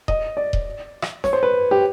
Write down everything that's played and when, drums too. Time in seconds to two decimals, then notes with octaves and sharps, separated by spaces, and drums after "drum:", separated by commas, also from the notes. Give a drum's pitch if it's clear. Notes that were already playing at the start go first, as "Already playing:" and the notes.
0.08 D#5, drum: kick D#1
0.37 D5
0.53 drum: kick D#1
1.02 drum: rim click
1.24 C#5, drum: snare
1.33 C5
1.43 B4
1.71 G4